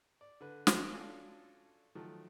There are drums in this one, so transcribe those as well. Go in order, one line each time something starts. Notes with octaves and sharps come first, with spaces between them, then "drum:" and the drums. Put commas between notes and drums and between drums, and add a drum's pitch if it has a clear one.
D5
D3 B4
drum: snare
C#4 D4 F4 F#4 A4 G#5
D#3 F3 F#3 A3